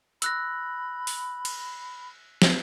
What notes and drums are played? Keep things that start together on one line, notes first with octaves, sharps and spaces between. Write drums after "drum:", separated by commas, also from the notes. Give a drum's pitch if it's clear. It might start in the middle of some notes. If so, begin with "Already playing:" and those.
B5 E6 F#6 A#6, drum: hi-hat
drum: open hi-hat
drum: cymbal
drum: snare